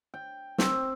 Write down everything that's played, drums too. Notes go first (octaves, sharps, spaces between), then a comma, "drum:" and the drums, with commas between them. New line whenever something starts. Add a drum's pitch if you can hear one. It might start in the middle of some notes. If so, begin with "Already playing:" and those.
G5
C4, drum: snare